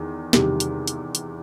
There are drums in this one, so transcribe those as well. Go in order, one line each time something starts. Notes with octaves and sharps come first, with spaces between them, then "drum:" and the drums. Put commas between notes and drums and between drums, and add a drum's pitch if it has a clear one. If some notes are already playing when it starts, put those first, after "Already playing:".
Already playing: E2 D#3
E2 C3 D#3 G3, drum: snare
drum: hi-hat
drum: hi-hat
drum: hi-hat